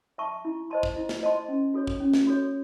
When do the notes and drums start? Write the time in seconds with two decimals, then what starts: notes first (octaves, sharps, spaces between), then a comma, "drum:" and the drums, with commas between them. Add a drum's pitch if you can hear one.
0.18 E5 A5 C#6
0.45 E4
0.70 C5 D#5 A5 C6
0.83 drum: kick
0.96 E4
1.09 drum: snare
1.22 C5 D#5 A5 C6
1.48 C#4
1.74 F#4 A4 C#5
1.87 drum: kick
2.00 C#4
2.13 drum: snare
2.27 F#4 A4 C#5